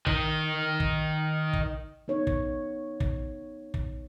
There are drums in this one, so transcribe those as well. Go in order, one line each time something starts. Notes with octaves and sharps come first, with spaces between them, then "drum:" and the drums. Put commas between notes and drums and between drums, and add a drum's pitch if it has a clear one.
D#3 D#4, drum: kick
drum: kick
drum: kick
B3 D#4 C#5
drum: kick
drum: kick
drum: kick